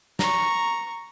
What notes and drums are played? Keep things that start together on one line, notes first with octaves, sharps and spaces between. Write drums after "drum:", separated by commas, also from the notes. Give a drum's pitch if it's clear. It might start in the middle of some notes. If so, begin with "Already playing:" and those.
A#5 C#6, drum: snare